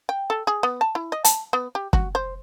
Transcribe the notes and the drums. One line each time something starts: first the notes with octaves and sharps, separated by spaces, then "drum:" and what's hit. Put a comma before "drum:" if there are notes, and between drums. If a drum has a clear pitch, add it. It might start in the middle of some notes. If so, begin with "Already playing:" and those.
G5
A4
G#4
B3
A5
E4
D#5
A5, drum: hi-hat
B3
G4
F#4, drum: kick
C5